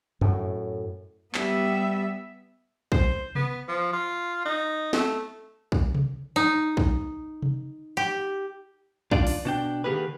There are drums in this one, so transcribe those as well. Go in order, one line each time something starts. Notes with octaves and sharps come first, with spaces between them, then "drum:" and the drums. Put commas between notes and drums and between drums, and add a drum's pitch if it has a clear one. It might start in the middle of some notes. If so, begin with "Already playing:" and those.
F#2 A2, drum: tom F#2
G3 B3 E5, drum: clap
C5, drum: kick
B3, drum: tom C3
F3
F4
D#4
A3, drum: snare
drum: kick
drum: tom C3
D#4
drum: kick
drum: tom C3
G4
D#3 D4 F4 D5, drum: kick
drum: open hi-hat
B2 D4 G5
D3 D#3 A#3 G4 G#4 B4